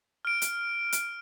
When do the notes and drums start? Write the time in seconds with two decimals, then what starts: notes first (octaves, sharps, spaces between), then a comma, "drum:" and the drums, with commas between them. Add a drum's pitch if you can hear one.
0.25 F6 D7
0.42 drum: hi-hat
0.92 drum: hi-hat